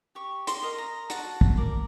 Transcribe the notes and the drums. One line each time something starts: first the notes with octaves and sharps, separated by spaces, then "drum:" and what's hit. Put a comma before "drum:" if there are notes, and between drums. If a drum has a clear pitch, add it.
G4 C#6
C6, drum: hi-hat
A#4 D#5
A#5
F#4 A5, drum: hi-hat
drum: kick
A#4 D5